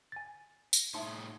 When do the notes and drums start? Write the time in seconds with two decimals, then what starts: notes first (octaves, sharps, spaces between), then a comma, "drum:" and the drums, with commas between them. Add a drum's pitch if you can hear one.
0.12 G#5 A6
0.73 drum: tambourine
0.94 A2 D#4 E5 A5 C6